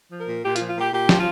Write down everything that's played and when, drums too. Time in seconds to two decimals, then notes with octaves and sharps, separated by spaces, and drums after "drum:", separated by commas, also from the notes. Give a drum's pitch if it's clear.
0.10 F3
0.19 A#4
0.26 A#2
0.43 A#2 G4
0.56 F4, drum: hi-hat
0.59 F3
0.67 F4
0.75 A#2
0.80 G4
0.92 A#2 G4
1.09 F3, drum: snare
1.17 F4